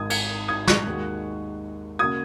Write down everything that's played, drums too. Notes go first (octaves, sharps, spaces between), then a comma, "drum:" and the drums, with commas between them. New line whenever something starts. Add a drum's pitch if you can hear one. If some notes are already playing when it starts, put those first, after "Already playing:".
Already playing: G#1 G#2 D#3 D#6 G#6
G#6 C#7, drum: cymbal
D#6 G#6
C#6 F#6, drum: snare
D#2 D#3 G#3 F#4
C#3 A#3 F#4 D#6 G#6